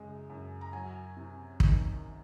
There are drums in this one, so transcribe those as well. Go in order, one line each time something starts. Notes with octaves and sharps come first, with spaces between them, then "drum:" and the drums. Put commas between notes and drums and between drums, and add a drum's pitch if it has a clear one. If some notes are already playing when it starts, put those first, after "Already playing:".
Already playing: F#2 C#3 G#3
F#2
A#5
F#3 G#5
C3
D#3, drum: kick